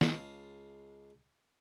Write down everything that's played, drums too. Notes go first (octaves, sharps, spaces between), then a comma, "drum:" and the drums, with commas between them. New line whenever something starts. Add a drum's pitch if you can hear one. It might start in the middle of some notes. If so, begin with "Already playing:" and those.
C#2 G#3 F5 A5, drum: snare